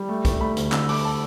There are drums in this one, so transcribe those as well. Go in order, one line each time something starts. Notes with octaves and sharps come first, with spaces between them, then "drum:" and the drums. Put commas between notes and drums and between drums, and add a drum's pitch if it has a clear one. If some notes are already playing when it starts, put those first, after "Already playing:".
Already playing: G3
A3
A3, drum: kick, hi-hat
A3 B5
D2, drum: hi-hat
D3 E6, drum: clap
A3 D6, drum: open hi-hat
A5